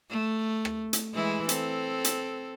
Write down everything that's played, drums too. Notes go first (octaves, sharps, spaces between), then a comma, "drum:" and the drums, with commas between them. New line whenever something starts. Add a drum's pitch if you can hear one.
A3
drum: rim click
drum: hi-hat
E3 G#3 E4
C4 A4, drum: hi-hat
drum: hi-hat